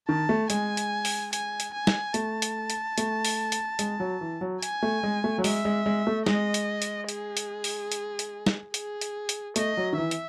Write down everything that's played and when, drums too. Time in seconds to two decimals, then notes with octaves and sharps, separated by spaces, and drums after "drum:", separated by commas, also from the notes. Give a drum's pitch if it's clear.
0.08 D#3 A5
0.29 A3
0.50 G#3 G#5, drum: hi-hat
0.77 drum: hi-hat
1.05 drum: open hi-hat
1.33 G#5, drum: hi-hat
1.60 drum: hi-hat
1.74 G#5
1.87 drum: snare
2.14 A3 A5, drum: hi-hat
2.42 drum: hi-hat
2.70 drum: hi-hat
2.98 A3, drum: hi-hat
3.25 drum: open hi-hat
3.52 drum: hi-hat
3.79 G#3, drum: hi-hat
4.00 F#3
4.21 E3
4.41 F#3
4.63 G#5, drum: hi-hat
4.83 A3
5.03 G#3
5.24 A3
5.38 F#3
5.44 G#3 E5, drum: open hi-hat
5.65 G#3
5.86 G#3
6.07 A3
6.26 G#3 D#5, drum: snare
6.54 drum: hi-hat
6.82 drum: hi-hat
7.09 G#4, drum: hi-hat
7.37 drum: hi-hat
7.64 drum: open hi-hat
7.92 drum: hi-hat
8.19 drum: hi-hat
8.47 drum: snare
8.74 G#4, drum: hi-hat
9.01 drum: hi-hat
9.29 drum: hi-hat
9.56 A3 D#5, drum: hi-hat
9.77 F#3
9.93 D#3
9.98 E3 E5
10.11 drum: hi-hat